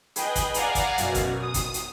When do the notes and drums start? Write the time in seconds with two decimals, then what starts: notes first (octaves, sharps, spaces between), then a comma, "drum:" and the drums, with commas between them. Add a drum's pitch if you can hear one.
0.16 G#4 B4 D#5 G5, drum: hi-hat
0.35 drum: kick, hi-hat
0.54 D5 F5 F#5 G#5 A#5, drum: hi-hat
0.75 drum: kick, hi-hat
0.98 F#2 B2, drum: hi-hat
1.15 drum: kick, hi-hat
1.41 D#6
1.54 drum: kick, hi-hat
1.74 drum: hi-hat